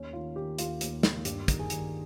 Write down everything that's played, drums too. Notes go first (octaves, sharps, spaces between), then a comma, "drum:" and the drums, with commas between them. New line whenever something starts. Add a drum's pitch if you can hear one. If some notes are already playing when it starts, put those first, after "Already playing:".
Already playing: D#2 C#4
D#3 F4
D#3 G4
D#2 F4, drum: hi-hat
D#2, drum: hi-hat
D#3, drum: snare
G2 G4, drum: hi-hat
D#3, drum: kick, hi-hat
G#4
D#3, drum: hi-hat